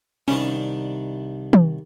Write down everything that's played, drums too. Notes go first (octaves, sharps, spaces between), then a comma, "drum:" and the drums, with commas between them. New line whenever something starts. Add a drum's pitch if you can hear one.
C2 D#3 G3 C#4 D4
drum: tom